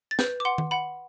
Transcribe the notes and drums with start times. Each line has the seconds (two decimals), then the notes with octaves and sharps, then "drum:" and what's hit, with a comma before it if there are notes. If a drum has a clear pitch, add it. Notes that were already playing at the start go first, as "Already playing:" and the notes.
0.11 A6
0.19 B4 G6, drum: snare
0.40 D6
0.45 F#5 C6
0.58 drum: tom D#3
0.71 F#5 B5